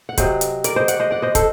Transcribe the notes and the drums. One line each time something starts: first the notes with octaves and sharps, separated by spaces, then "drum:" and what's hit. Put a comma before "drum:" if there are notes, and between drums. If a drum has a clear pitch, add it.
F#5
C3 F#3 C5 D#5, drum: kick, hi-hat
drum: hi-hat
A#4 D5, drum: hi-hat
C5 D#5
D5 F#5, drum: hi-hat
C5 D#5
D5 F#5
C5 D#5
A4 C5, drum: kick, hi-hat